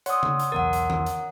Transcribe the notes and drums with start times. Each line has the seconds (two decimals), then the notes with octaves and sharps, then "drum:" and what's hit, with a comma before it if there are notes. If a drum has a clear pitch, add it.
0.06 C#5 D5 F#5 C6 D#6 E6, drum: hi-hat
0.23 drum: tom C#3
0.40 drum: hi-hat
0.52 B1 E2 A#4 F#5 A6
0.73 drum: hi-hat
0.90 drum: tom D#3
1.06 drum: hi-hat